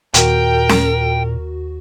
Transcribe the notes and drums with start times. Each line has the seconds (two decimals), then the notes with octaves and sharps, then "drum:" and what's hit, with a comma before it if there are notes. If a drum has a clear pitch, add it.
0.14 D#2 A#2 F#4 A#4 G5, drum: hi-hat
0.69 drum: snare C#4